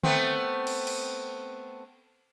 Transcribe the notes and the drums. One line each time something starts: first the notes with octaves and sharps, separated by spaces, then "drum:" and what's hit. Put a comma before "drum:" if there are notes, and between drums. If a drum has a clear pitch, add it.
A3 B3 C4, drum: tom
drum: cymbal
drum: cymbal